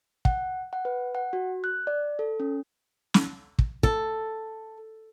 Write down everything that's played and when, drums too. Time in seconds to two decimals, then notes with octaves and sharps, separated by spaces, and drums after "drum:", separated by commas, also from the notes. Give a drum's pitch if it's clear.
0.25 F#5, drum: kick
0.73 F#5
0.85 B4
1.15 F#5
1.33 F#4
1.64 F#6
1.87 D5
2.19 A4
2.40 C#4
3.14 drum: snare
3.59 drum: kick
3.83 A4, drum: kick